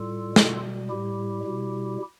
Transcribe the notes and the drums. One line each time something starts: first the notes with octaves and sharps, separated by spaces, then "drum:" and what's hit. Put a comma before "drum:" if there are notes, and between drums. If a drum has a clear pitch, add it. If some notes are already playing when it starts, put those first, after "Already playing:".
Already playing: A2 G3 F4 A4
B2 G3, drum: snare
A2 G3 E4 G4
B2 G3